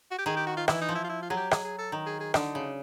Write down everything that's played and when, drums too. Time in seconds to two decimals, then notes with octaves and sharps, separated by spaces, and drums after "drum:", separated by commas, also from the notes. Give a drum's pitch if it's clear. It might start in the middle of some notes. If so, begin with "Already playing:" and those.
0.11 F#4
0.19 G4
0.26 D#3 G#4
0.37 G4
0.47 F#4
0.57 F4
0.68 E3 E4, drum: rim click
0.81 D#4
0.89 F3
0.96 E4
1.05 F4
1.09 E4
1.23 F4
1.30 F#3 G#4
1.37 G4
1.51 G#4, drum: rim click
1.64 G#4
1.79 A4
1.92 D#3
2.07 G#4
2.20 G#4
2.34 D3 D#4, drum: rim click
2.55 C#3